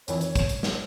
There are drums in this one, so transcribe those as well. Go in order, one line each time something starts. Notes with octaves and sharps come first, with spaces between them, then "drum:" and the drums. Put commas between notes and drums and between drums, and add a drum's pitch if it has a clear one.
F2 D#3 E3 C#5, drum: hi-hat
C#5, drum: hi-hat
drum: kick, hi-hat
drum: hi-hat
drum: snare